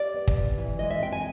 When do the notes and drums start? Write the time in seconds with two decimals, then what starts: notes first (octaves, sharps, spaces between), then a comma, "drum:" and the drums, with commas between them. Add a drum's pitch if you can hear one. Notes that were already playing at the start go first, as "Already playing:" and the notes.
Already playing: G3 D5
0.14 B3
0.28 drum: kick
0.37 C3
0.58 E3
0.79 G#3 D#5
0.91 E5
1.01 C4 G5
1.13 G#5